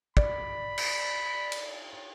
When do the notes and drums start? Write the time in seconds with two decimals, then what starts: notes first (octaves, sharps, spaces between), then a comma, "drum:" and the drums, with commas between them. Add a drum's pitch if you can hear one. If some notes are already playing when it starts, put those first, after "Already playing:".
0.17 D5 B5, drum: kick
0.78 drum: cymbal
1.52 drum: cymbal